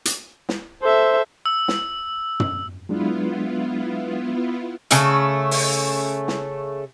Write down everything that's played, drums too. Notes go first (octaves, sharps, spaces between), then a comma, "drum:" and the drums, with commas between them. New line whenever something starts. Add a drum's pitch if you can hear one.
drum: hi-hat
drum: snare
A4 C5 E5
E6
drum: snare
drum: tom
F#3 G#3 B3 D4 E4 F4
C#3 A3, drum: hi-hat
drum: open hi-hat
drum: snare